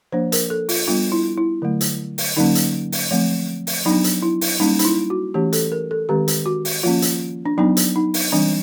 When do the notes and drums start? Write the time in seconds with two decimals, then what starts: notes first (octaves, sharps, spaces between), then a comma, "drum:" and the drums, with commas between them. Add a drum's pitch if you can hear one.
0.12 F3 A#3 D4 C5
0.32 A#4, drum: hi-hat
0.50 A4
0.69 F4, drum: open hi-hat
0.87 G3 B3 D4 F4
1.12 E4
1.37 E4
1.62 D3 F#3 A3
1.81 drum: hi-hat
2.18 drum: open hi-hat
2.37 D3 F#3 A#3 C#4 D#4
2.55 drum: hi-hat
2.92 drum: open hi-hat
3.11 F3 A3 C4
3.67 drum: open hi-hat
3.86 F#3 B3 D4 D#4
4.04 drum: hi-hat
4.23 E4
4.41 drum: open hi-hat
4.60 G3 A#3 C#4 D#4
4.79 D#4, drum: hi-hat
4.85 E4
5.10 F#4
5.34 E3 A3 C#4 G4
5.53 A4, drum: hi-hat
5.72 A#4
5.91 A4
6.09 D#3 G#3 C4 G4
6.28 drum: hi-hat
6.46 F#4
6.65 drum: open hi-hat
6.83 F3 A#3 C#4 F4
7.02 drum: hi-hat
7.46 D4
7.58 F#3 B3 D4 D#4
7.77 drum: hi-hat
7.96 D#4
8.14 drum: open hi-hat
8.32 E3 G3 C4 D4